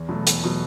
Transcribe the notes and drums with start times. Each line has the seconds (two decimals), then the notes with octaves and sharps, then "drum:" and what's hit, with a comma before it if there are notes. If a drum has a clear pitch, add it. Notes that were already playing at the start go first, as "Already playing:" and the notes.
Already playing: E2
0.09 B2 F#3 A3
0.27 E2, drum: hi-hat
0.44 B2 F#3 A3